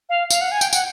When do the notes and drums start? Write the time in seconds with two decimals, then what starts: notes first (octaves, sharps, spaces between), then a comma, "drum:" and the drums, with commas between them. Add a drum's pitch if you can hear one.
0.09 F5
0.31 F5, drum: tambourine
0.41 F#5
0.52 G#5
0.61 G5, drum: tambourine
0.73 F#5, drum: tambourine